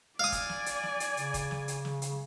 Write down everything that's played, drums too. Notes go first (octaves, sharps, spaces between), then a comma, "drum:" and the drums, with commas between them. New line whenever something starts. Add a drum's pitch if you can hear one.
D5 F5 G#5 D#6
drum: kick, hi-hat
drum: snare
drum: hi-hat
drum: snare
drum: hi-hat
C#3, drum: hi-hat
drum: kick, hi-hat
drum: snare
drum: hi-hat
drum: snare
drum: hi-hat